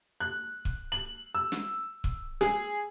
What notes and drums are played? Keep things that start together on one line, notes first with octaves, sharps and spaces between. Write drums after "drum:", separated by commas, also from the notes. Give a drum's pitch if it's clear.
F#6
drum: kick
F#7
E6
drum: snare
drum: kick
G#4, drum: snare